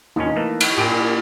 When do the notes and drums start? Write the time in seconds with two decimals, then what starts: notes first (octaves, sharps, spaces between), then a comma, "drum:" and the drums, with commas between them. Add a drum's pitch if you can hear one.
0.16 D#2 A#2 C#4 D#4
0.36 E3 A3 A#3
0.61 drum: cymbal
0.77 A#2 G4 G5 G#5